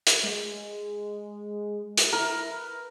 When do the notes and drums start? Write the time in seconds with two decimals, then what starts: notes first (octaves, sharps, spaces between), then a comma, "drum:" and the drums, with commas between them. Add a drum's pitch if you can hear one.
0.07 drum: hi-hat
0.23 G#3
1.98 drum: hi-hat
2.13 E4 A#4
2.51 B4